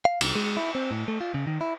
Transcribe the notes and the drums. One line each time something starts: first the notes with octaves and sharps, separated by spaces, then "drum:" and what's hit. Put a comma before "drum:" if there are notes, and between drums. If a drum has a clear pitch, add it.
F5
C2, drum: cymbal
G#3
E4
C4
A2
A3
F4
C#3
D#3
E4